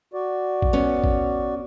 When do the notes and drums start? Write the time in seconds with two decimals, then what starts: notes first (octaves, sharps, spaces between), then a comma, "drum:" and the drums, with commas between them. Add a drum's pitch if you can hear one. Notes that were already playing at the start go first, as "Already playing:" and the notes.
0.13 F#4 D5
0.62 drum: kick A1
0.73 B3 C#4
1.04 drum: kick A1